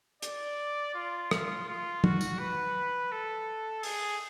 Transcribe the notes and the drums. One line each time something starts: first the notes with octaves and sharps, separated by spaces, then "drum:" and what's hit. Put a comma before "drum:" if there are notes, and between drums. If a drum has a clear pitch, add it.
D5, drum: hi-hat
F4
F4, drum: rim click
F4
F#4, drum: tom
drum: tambourine
B4
A4
G#4, drum: open hi-hat